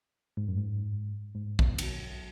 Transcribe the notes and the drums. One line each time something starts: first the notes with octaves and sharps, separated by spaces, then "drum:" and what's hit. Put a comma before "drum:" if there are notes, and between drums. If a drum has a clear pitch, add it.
G#2
F#2
G#2
G#2
B2, drum: kick A#1
D#3, drum: cymbal
F#3